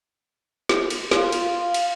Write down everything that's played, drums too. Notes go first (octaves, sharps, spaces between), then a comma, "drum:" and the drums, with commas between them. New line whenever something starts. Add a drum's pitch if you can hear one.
drum: snare
drum: cymbal
F4, drum: snare
drum: cymbal
F5
drum: cymbal